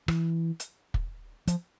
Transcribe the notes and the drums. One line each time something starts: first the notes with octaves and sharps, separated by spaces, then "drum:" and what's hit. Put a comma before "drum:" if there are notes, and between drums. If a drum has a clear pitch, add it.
E3, drum: rim click
drum: hi-hat
drum: kick
F3, drum: hi-hat